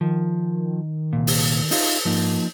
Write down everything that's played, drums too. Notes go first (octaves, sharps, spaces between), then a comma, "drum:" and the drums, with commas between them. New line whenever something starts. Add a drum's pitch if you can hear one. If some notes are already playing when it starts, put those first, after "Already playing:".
D#3 F3
C2 A#2
drum: open hi-hat
D#4 F4, drum: open hi-hat
G#2 F3 A#3 D#4